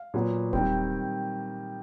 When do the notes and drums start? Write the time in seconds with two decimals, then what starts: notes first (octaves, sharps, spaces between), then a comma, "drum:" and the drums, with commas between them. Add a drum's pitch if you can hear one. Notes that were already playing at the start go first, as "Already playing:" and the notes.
Already playing: F5
0.14 A#2 F#3 B3
0.53 D#3 G3 C4, drum: kick D#1